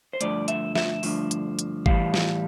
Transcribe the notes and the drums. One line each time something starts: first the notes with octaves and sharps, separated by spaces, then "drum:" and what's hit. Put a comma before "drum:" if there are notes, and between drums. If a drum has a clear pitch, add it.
C5
G2 D3 F3 A3 D5, drum: hi-hat
E5, drum: hi-hat
E5, drum: snare
G2 D3 F3 A3, drum: open hi-hat
drum: hi-hat
drum: hi-hat
A2 E3 G3 F5, drum: kick
drum: snare